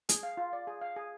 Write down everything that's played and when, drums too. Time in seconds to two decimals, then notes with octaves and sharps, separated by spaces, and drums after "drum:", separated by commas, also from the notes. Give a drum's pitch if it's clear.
0.09 G#4, drum: hi-hat
0.23 F5
0.37 F4
0.53 D5
0.67 G#4
0.81 F5
0.96 G#4